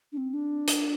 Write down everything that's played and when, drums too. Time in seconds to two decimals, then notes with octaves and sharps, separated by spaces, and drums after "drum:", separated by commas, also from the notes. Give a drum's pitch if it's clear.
0.12 D4
0.17 C4
0.33 D4
0.68 drum: hi-hat